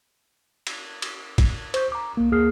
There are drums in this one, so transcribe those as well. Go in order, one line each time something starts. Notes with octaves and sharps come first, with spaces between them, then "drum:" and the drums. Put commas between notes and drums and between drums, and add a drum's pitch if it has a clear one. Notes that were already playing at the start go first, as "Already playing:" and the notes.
drum: cymbal
drum: cymbal
drum: kick, cymbal
C5 C#6 G6, drum: cymbal
A#5 D6
B1 A#3
D#2 A#3 G#4 D#6 F6 C7